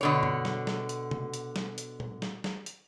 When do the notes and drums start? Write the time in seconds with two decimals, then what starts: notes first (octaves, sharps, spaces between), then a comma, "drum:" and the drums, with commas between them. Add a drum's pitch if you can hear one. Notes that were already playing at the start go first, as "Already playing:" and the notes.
0.01 B2 D3 C#5
0.23 drum: tom F#2
0.45 drum: snare
0.67 drum: snare
0.89 drum: hi-hat
1.11 drum: tom C3
1.34 drum: hi-hat
1.56 drum: snare
1.78 drum: hi-hat
2.00 drum: tom A#2
2.22 drum: snare
2.44 drum: snare
2.66 drum: hi-hat